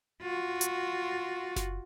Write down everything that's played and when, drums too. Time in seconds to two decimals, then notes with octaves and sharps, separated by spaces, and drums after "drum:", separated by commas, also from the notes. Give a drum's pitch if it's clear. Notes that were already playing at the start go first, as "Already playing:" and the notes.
0.22 F4 F#4
0.61 drum: hi-hat
1.56 drum: snare F#1